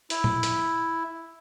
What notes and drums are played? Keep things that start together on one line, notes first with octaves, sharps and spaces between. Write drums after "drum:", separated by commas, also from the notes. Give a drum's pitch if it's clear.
E4, drum: hi-hat
drum: tom A#2
drum: hi-hat